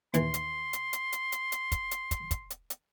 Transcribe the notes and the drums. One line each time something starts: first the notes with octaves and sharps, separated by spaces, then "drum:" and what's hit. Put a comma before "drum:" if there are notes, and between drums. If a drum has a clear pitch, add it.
D#2 E3 C6, drum: hi-hat
drum: hi-hat
drum: hi-hat
drum: hi-hat
drum: hi-hat
drum: hi-hat
drum: hi-hat
drum: kick, hi-hat
drum: hi-hat
drum: kick, hi-hat
drum: kick, hi-hat
drum: hi-hat
drum: hi-hat